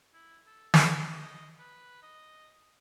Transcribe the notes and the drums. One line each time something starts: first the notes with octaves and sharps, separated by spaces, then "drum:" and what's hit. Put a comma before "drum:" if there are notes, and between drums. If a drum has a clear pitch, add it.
E4
A4
drum: snare
C5
D#5
B4
D#5